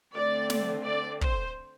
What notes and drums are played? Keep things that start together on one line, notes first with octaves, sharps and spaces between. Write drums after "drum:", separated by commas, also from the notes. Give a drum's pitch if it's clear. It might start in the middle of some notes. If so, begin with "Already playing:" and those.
D3 A3 C4 D5
drum: snare
D5
C5, drum: kick